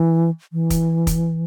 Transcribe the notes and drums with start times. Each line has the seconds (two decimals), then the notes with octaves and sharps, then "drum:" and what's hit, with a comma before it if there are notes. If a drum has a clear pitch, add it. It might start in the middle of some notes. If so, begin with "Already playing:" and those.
Already playing: E3
0.53 E3
0.70 drum: kick, hi-hat
1.07 drum: kick, hi-hat